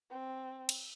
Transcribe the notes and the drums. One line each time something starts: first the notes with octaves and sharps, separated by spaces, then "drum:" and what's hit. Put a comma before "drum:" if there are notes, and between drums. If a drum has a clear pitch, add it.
C4
drum: cymbal